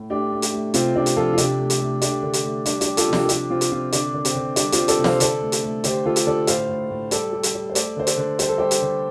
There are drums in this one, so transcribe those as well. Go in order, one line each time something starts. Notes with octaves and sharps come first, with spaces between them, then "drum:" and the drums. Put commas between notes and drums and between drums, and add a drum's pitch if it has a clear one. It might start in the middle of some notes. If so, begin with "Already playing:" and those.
Already playing: A2
A3 D4 G4
A3
drum: hi-hat
A3
C3 C4 F4, drum: hi-hat
C3 D4 G4
drum: hi-hat
F3 F4 A4
F4
C3 D4 G4, drum: hi-hat
A3
drum: hi-hat
A3
A3 D4 G4, drum: hi-hat
D3
drum: hi-hat
A3
G3 D4, drum: hi-hat
D4 G4, drum: hi-hat
G3
F4 A4, drum: hi-hat
C3
D4 G4, drum: snare
A4
F3 D4 G4, drum: hi-hat
C3 C4 F4
drum: hi-hat
C3 C4 F4
D3 D4, drum: hi-hat
D3
C4, drum: hi-hat
D3
G3 D4, drum: hi-hat
C4 F4, drum: hi-hat
G3
A4 D5, drum: hi-hat
C3
C5 F5, drum: snare
D3 A4 D5, drum: hi-hat
A3
drum: hi-hat
A3
D3 G4 C5, drum: hi-hat
D3 F4 A4
drum: hi-hat
D3 A4 D5
A2 C5 F5, drum: hi-hat
A2
A2
G3 A4 D5, drum: hi-hat
G3
drum: hi-hat
G3
C5
A3 A4 D5, drum: hi-hat
D3 C5
A4 D5, drum: hi-hat
D3
G3 C5, drum: hi-hat
A4
G3 G4 C5
drum: hi-hat
D3